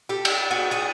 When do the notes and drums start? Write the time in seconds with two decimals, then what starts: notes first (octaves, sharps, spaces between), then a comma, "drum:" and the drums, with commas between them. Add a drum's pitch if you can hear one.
0.09 G4 A4
0.25 drum: cymbal
0.51 F#4 G#4
0.71 F#4 G#4